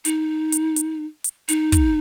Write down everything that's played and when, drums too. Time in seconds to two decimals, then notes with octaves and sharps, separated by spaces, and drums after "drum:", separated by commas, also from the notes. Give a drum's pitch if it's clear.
0.05 D#4, drum: hi-hat
0.52 drum: hi-hat
0.76 drum: hi-hat
1.24 drum: hi-hat
1.49 D#4, drum: hi-hat
1.72 drum: kick, hi-hat